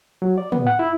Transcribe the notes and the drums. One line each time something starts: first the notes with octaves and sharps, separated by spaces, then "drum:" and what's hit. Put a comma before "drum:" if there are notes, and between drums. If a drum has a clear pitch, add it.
F#3
D5
B3, drum: tom
F#5
E4